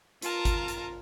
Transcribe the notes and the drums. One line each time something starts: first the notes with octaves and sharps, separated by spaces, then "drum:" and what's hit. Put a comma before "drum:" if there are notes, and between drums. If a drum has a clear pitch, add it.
F4 A#4 A5 A#5, drum: hi-hat
drum: kick G#1, hi-hat
drum: hi-hat